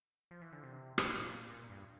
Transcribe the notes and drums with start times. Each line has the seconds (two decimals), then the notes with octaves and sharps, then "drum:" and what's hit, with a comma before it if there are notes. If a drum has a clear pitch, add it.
0.31 F3
0.41 E3
0.52 D3
0.63 C3
0.98 A2, drum: rim click
1.06 A#2
1.48 A#2
1.70 G2